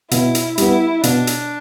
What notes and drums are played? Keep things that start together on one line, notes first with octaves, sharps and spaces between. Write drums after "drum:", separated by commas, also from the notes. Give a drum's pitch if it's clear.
B2 E4, drum: hi-hat
drum: hi-hat
G3 B3 E4, drum: hi-hat
B2 D4, drum: hi-hat
drum: hi-hat